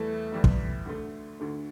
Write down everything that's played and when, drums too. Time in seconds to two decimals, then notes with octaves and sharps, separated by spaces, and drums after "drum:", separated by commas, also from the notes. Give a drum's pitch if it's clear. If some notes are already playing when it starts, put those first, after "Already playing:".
Already playing: E2 E3 G3 A3 E4
0.32 E2 E3 G3 E4
0.44 drum: kick
0.86 D2 D3 A3
1.40 D2 D3 A3